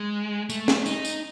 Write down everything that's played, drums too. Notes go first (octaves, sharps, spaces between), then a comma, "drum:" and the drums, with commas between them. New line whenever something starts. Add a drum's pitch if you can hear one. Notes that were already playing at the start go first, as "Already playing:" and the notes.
Already playing: G#3
A3, drum: tambourine
drum: snare
D#4, drum: tambourine
drum: tambourine